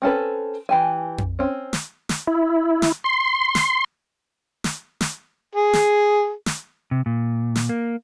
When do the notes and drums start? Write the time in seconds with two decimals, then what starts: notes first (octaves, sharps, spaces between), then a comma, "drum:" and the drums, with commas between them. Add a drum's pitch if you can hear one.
0.02 C4 C#4 A4 B4
0.69 E3 G4 G#5
1.18 drum: tom F2
1.39 C4 C#4
1.73 drum: snare
2.09 drum: snare
2.27 E4
2.82 drum: snare
3.04 C6
3.55 drum: snare
4.64 drum: snare
5.01 drum: snare
5.55 G#4
5.73 drum: snare
6.46 drum: snare
6.91 C3
7.06 A#2
7.55 drum: snare
7.69 A#3